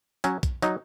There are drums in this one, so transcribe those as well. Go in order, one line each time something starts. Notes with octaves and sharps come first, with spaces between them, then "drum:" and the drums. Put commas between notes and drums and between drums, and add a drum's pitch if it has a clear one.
F#3 C#4, drum: hi-hat
drum: kick, hi-hat
F#3 D#4, drum: hi-hat